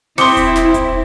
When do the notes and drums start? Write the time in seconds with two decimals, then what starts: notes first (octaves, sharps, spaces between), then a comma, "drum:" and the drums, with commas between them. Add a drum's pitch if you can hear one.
0.18 C4 E4 C6 D6 D#6 C#7, drum: open hi-hat
0.37 drum: kick E1, hi-hat
0.56 drum: snare
0.74 drum: kick E1, hi-hat